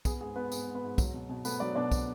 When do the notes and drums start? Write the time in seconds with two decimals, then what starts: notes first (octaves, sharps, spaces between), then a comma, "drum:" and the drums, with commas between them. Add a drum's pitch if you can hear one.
0.05 B3 G#4, drum: kick, tambourine
0.21 G#2 G#4
0.36 G#2 B3 B4
0.52 G#2 G#4, drum: tambourine
0.68 G#2
0.75 B3 B4
0.83 G#2
0.98 F#3, drum: kick, tambourine
1.14 B2
1.29 B2
1.45 A3 B3 B4, drum: tambourine
1.60 F#3 D4 D5
1.76 B2 D4 D5
1.92 drum: kick, tambourine